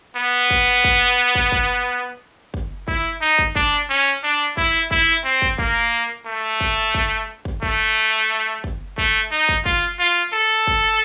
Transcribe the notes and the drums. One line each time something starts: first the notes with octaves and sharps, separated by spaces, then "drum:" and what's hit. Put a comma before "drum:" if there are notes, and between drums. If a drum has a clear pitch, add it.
B3
drum: kick
drum: kick
drum: kick
drum: kick
drum: kick
E4, drum: kick
D#4
drum: kick
D4, drum: kick
C#4
D4
E4, drum: kick
E4, drum: kick
C4
drum: kick
A#3, drum: kick
A3
drum: kick
drum: kick
drum: kick
A3, drum: kick
drum: kick
A3, drum: kick
D#4
drum: kick
F4, drum: kick
F4
A4
drum: kick